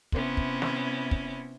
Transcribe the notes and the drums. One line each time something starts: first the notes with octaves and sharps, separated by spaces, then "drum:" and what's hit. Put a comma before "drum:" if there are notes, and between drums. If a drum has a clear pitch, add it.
C3 B3 C#4 E4, drum: kick
drum: kick
drum: snare
drum: kick